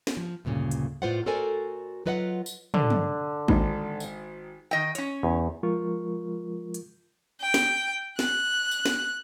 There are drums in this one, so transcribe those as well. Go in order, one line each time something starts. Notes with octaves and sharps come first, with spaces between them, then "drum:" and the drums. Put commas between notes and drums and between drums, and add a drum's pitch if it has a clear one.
drum: snare
F3
D2 G2 A#2 C#3
drum: hi-hat
A2 F4 B4 C5 D5 F#5
F#4 A4 A#4 C5 D5 G#5
F#3 F4 B4 D#5 F5 F#5
drum: tambourine
D3, drum: tom
drum: tom
G#1 D#4, drum: kick A1
drum: tambourine
D#3 D#5 G5
C#4 C#5, drum: hi-hat
E2
F3 G#3 F4 A#4 C#6
drum: hi-hat
G5
drum: snare
F#6, drum: snare
drum: tambourine
drum: snare